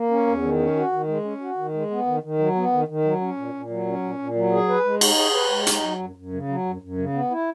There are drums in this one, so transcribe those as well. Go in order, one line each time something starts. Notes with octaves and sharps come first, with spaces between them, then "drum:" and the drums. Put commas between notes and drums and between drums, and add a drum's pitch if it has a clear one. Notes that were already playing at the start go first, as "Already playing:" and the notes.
Already playing: A#3
C#4
E2
D#3
C#4
F#4
D#3
G#3
C#4
F#4
D#3
G#3
B3
D#3
D#3
F#3
B3
D#3
D#3
F#3
C#4
A#2
A#2
F#3
C#4
A#2
A#2
F#3
G#4
B4
G#3
D#4, drum: cymbal
G#4
B4
G#3
D#4, drum: hi-hat
F#3
F#2
F#2
C#3
F#3
F#2
F#2
C#3
B3
E4